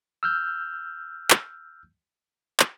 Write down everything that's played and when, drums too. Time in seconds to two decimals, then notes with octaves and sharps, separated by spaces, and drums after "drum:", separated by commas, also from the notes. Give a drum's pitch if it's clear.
0.23 E6 F6 G6
1.30 drum: clap
2.60 drum: clap